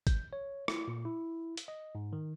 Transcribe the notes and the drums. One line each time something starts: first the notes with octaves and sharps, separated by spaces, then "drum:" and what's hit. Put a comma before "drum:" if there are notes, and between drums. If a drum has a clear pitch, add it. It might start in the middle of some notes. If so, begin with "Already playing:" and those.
G6, drum: kick G#1, hi-hat
C#5
E4, drum: rim click
A#2
E4
drum: hi-hat
D#5
G#2
D#3